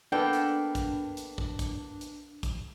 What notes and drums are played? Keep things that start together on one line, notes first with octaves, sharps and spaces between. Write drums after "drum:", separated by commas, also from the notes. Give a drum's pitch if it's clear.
A#3 B3 D4 A4 G5
drum: hi-hat
drum: kick, hi-hat
drum: hi-hat
drum: kick
drum: kick, hi-hat
drum: hi-hat
drum: kick, hi-hat